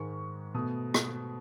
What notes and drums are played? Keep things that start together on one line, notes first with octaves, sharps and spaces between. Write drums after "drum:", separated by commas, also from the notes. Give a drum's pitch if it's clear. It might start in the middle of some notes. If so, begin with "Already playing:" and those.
Already playing: G#2 D#3 G#3 C#6
B2 A3 D#6
drum: rim click